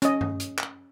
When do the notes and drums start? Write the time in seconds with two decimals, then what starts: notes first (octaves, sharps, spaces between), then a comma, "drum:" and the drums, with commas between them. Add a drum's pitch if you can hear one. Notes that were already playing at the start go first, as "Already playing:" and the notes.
0.02 C#4 D#5, drum: hi-hat
0.21 drum: tom G2
0.40 drum: hi-hat
0.59 drum: clap